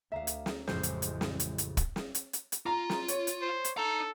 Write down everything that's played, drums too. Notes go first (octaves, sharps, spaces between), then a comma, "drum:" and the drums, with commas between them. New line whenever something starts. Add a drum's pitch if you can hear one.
D2 E5 F5 A#5 E7
drum: hi-hat
drum: snare
A1 F2 C#3 E3 G#3 C5, drum: snare
drum: hi-hat
drum: hi-hat
drum: snare
drum: hi-hat
drum: hi-hat
drum: kick, hi-hat
drum: snare
drum: hi-hat
drum: hi-hat
drum: hi-hat
F4 A#5
drum: snare
C#5, drum: hi-hat
drum: hi-hat
C5
drum: hi-hat
D#4 A4 A#5